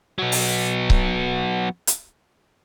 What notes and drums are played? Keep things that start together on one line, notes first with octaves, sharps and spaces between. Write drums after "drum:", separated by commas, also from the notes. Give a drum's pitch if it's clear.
F#3 B3
drum: open hi-hat
drum: kick C#1
drum: hi-hat